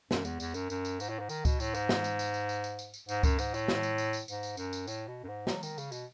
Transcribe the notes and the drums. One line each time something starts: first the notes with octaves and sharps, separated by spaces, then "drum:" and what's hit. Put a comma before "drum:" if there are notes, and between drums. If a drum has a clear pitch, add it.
F#2, drum: snare
E2, drum: tambourine
E2, drum: tambourine
F#2, drum: tambourine
F#2, drum: tambourine
drum: tambourine
G#2, drum: tambourine
A2
G#2
D#3, drum: tambourine
B2, drum: kick C#2, tambourine
A2, drum: tambourine
G#2, drum: tambourine
drum: snare
drum: tambourine
drum: tambourine
drum: tambourine
drum: tambourine
drum: tambourine
drum: tambourine
drum: tambourine
G#2, drum: tambourine
F#2, drum: kick C#2, tambourine
G#2, drum: tambourine
A2, drum: tambourine
drum: snare
drum: tambourine
drum: tambourine
drum: tambourine
G#2, drum: tambourine
drum: tambourine
F#2, drum: tambourine
drum: tambourine
A2, drum: tambourine
B2
F#2
G#2
F#3, drum: snare
D#3, drum: tambourine
C#3, drum: tambourine
B2, drum: tambourine